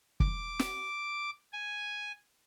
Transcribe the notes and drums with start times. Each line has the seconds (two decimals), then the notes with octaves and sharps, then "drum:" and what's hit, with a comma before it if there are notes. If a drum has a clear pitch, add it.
0.20 D6, drum: kick
0.59 drum: snare
1.52 G#5